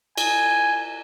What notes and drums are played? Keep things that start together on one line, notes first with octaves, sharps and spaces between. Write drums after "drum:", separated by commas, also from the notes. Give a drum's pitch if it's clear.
G#5, drum: cymbal